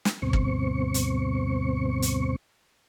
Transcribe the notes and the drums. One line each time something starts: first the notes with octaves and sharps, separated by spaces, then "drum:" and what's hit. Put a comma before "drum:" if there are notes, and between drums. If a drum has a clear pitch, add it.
drum: snare
D2 G2 B2 C4 C#6
drum: kick
drum: hi-hat
drum: hi-hat